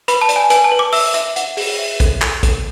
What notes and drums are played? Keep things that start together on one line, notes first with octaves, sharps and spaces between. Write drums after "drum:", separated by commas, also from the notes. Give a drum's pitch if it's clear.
B4 B5, drum: hi-hat
A5
D5, drum: hi-hat
G#5
B4 G#5, drum: hi-hat
A5
B4
D6
E5 E6, drum: open hi-hat
E5, drum: hi-hat
F#5, drum: hi-hat
G#4, drum: open hi-hat
E5
A4, drum: kick, hi-hat
A4, drum: clap
A4, drum: kick, hi-hat